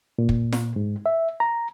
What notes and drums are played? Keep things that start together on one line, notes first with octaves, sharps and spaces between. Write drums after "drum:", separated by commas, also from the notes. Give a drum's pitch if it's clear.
A#2
drum: kick
drum: snare
G#2
E5
A#5